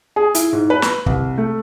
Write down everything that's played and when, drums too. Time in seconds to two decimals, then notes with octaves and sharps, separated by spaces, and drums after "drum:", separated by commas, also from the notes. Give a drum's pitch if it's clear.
0.16 G#4
0.35 E4, drum: hi-hat
0.53 G#2
0.70 B4
0.82 drum: snare
1.06 C2, drum: kick
1.38 A3